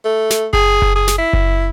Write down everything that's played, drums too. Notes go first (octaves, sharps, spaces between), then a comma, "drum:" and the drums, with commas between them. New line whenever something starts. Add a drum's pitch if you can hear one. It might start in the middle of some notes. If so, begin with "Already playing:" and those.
A3
drum: snare
G#4, drum: kick F#1
drum: kick F#1
G#4
drum: snare
E4
drum: kick F#1